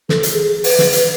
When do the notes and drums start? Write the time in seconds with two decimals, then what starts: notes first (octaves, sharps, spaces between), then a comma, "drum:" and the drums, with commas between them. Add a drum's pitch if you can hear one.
0.09 A4, drum: snare
0.23 drum: hi-hat
0.33 G#4
0.64 B4, drum: open hi-hat
0.79 drum: snare
0.93 drum: hi-hat